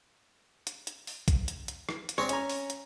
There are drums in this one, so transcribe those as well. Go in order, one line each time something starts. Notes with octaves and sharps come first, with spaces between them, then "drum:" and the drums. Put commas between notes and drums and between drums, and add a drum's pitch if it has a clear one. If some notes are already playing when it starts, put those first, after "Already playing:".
drum: hi-hat
drum: hi-hat
drum: open hi-hat
drum: kick, hi-hat
drum: hi-hat
drum: hi-hat
drum: rim click
drum: hi-hat
G#3 C4 D4 C#5
C#4 G#5 A#5, drum: hi-hat
drum: open hi-hat
drum: hi-hat